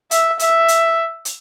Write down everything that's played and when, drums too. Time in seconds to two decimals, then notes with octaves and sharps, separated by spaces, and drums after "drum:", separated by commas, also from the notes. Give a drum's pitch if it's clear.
0.11 E5, drum: hi-hat
0.39 E5, drum: hi-hat
0.68 drum: hi-hat
1.25 drum: hi-hat